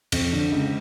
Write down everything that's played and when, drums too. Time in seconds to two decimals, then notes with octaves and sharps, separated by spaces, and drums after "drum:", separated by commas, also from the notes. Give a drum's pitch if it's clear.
0.12 F2, drum: cymbal
0.33 D3
0.51 C#2